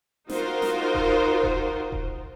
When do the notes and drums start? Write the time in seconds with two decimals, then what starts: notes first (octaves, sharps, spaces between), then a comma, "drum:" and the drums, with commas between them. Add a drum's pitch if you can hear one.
0.30 D#4 F4 F#4 A#4 C5, drum: snare
0.62 drum: snare
0.95 drum: kick D#1
1.43 drum: kick D#1
1.92 drum: kick D#1